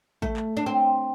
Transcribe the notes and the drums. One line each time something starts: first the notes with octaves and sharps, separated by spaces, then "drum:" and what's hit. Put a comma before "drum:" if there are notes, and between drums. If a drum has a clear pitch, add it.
A3, drum: kick A1
drum: clap
D4
C4